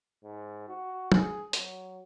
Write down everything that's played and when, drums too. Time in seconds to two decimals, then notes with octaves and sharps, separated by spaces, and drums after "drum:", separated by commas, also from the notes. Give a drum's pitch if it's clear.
0.24 G#2
0.69 F#4
1.12 G#4, drum: tom
1.53 F#3, drum: hi-hat